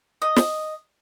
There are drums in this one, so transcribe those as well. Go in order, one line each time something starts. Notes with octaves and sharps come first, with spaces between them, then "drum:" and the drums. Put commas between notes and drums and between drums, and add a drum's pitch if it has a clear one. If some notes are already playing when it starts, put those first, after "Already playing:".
D#5
drum: snare